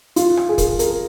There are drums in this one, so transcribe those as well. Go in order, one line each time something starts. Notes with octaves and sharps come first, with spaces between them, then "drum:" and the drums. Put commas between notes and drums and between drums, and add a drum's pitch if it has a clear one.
F4, drum: hi-hat
drum: rim click
G#4
A#4, drum: kick, hi-hat
A#4, drum: hi-hat